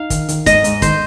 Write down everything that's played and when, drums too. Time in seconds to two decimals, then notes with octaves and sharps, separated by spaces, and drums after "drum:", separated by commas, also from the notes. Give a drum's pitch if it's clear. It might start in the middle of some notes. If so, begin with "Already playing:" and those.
Already playing: D#4 F5
0.10 D#3, drum: kick, hi-hat
0.29 D#3, drum: hi-hat
0.46 G#2 D#5, drum: kick, hi-hat
0.64 G#2, drum: hi-hat
0.82 D#3 C5, drum: kick, hi-hat